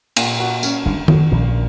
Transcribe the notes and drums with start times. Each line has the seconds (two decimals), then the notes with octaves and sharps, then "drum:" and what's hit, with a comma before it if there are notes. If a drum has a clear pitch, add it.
0.16 A#2, drum: cymbal
0.40 F#4
0.63 C#4, drum: tambourine
0.85 G1 G2 D3
1.08 F#2 F#4, drum: tom
1.31 A#1 A#2 C#4